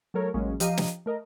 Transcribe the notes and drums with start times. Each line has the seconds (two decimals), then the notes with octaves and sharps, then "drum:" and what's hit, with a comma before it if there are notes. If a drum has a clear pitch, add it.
0.14 F#3 A3 A4 A#4 C#5
0.34 A1 F#3 G#3 A#3 C#4
0.60 F3 G4 D#5 F5 A#5 D#7, drum: hi-hat
0.77 drum: snare
1.06 A3 A#4 D#5